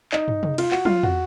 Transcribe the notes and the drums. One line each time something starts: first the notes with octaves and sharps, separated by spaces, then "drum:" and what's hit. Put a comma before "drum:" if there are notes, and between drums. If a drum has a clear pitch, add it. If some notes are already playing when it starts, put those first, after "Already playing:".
D#4, drum: clap
drum: tom
drum: tom C3
F4, drum: cymbal
F#4, drum: clap
F4, drum: tom
F#4, drum: tom